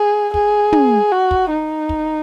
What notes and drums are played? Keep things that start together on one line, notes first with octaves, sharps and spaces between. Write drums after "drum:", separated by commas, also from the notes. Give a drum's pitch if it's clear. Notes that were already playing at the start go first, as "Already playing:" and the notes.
Already playing: G#4
G#4, drum: kick
drum: tom
F#4
drum: kick
D#4
drum: kick